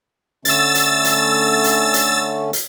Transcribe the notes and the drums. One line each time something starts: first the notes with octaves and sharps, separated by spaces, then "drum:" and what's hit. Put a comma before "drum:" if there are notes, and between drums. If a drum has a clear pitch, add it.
D3 A3 C#4 E6 A6, drum: hi-hat
drum: hi-hat
drum: hi-hat
drum: hi-hat
drum: hi-hat
drum: hi-hat